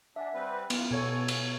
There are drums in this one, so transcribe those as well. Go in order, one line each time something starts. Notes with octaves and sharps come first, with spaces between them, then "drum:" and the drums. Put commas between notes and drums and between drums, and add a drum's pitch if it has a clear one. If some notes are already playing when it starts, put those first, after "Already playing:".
D4 E5 F#5 G#5
G3 C4 B4
F#2 E3 B3 F4, drum: cymbal
B2 A4 C#5 G#5
drum: cymbal